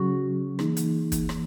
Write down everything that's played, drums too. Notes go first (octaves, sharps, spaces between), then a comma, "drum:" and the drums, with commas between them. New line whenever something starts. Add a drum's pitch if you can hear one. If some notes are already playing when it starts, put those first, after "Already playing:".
Already playing: C#3 F#3 C#4 F#4 G#4
E3 A#3 D#4 G#4, drum: rim click
drum: hi-hat
drum: kick, hi-hat
E3 A#3, drum: rim click